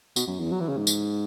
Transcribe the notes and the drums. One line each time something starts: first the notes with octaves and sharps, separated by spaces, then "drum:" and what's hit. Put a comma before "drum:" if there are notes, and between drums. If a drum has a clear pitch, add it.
B2, drum: tambourine
F#2
E2
F#3
E3
C#3
G#2
drum: tambourine